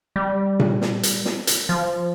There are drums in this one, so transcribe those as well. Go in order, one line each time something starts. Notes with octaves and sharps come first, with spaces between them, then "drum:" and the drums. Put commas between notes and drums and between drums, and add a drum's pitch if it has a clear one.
G3
drum: tom A#2
drum: snare
drum: hi-hat
drum: snare
drum: hi-hat
F3